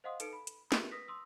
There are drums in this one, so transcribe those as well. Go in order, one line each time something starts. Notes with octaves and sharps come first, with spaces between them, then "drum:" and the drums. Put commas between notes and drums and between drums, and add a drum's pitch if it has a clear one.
C5 D#5 F5 F#5 C6 D#6
D#4 A4 B4 C#7 D7, drum: hi-hat
B5
drum: hi-hat
F4 G4 G#4 A#4 B4 E5, drum: snare
B4 D#6 A#6 B6
C6 D#6 E6